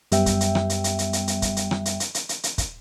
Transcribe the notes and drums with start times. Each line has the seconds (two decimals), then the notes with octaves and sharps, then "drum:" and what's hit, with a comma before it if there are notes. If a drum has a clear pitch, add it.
0.12 F#2 G3 B3 E5 G5, drum: hi-hat
0.26 drum: kick, hi-hat
0.41 drum: hi-hat
0.55 drum: rim click
0.70 drum: hi-hat
0.84 drum: hi-hat
0.99 drum: hi-hat
1.13 drum: hi-hat
1.28 drum: hi-hat
1.42 drum: kick, hi-hat
1.57 drum: hi-hat
1.71 drum: rim click
1.85 drum: hi-hat
2.00 drum: hi-hat
2.14 drum: hi-hat
2.29 drum: hi-hat
2.43 drum: hi-hat
2.58 drum: kick, hi-hat